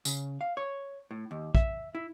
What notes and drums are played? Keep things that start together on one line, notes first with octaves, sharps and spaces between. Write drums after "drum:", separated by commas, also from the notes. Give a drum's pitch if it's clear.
C#3, drum: tambourine
F5
C#5
A2
D#2
E5, drum: kick
E4